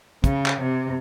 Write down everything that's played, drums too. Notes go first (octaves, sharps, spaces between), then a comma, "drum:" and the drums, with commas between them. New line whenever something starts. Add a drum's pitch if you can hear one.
C#3, drum: kick, hi-hat
drum: clap
C3